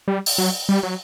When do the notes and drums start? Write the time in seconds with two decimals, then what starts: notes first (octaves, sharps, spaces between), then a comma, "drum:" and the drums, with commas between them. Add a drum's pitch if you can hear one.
0.08 G3
0.26 drum: open hi-hat
0.38 F#3
0.69 G3
0.83 F#3